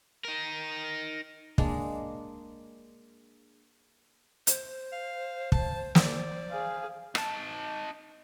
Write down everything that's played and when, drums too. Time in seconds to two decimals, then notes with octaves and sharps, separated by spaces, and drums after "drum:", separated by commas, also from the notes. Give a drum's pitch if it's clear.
0.25 D#4 A#4
1.58 G#3 A#3 D4, drum: kick
4.47 C5, drum: hi-hat
4.92 F5
5.52 A5, drum: kick
5.95 D5, drum: snare
6.50 G#4 F5
7.15 D#4 A5, drum: rim click